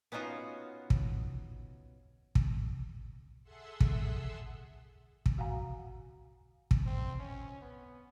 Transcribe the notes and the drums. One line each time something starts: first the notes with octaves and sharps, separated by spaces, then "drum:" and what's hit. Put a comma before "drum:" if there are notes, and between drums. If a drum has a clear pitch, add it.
B3 C#4 D#4 F4 F#4
drum: kick
drum: kick
G#4 A4 E5 F#5 C6 E6
drum: kick
drum: kick
F#4 F5 F#5 G#5 A#5
drum: kick
C4
C#4
B3